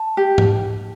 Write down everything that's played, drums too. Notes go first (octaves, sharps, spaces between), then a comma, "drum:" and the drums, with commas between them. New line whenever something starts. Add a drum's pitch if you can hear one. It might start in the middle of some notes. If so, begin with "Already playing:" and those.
Already playing: A5
G4
drum: tom G#2